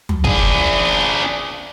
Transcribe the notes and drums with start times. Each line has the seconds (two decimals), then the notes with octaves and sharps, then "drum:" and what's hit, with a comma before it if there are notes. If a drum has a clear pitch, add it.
0.09 drum: tom
0.24 D4 G#4, drum: kick